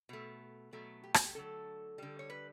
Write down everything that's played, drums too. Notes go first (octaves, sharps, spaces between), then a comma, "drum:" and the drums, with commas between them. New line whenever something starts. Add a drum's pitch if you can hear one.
B2 A3
B2 F#3 A3
G4
F#4, drum: rim click
G4
D3 F#3 A3 A4
D3 G3
C#5
B4